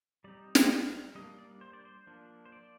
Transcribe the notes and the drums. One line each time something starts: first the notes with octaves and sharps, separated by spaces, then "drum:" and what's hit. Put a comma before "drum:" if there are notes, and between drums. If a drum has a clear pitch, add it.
G3 C4 D#4 D5
drum: snare
F5
G3 A#3 D4 D#5
D5
C5
D5
C5
F3 A#3 D4
C5
D5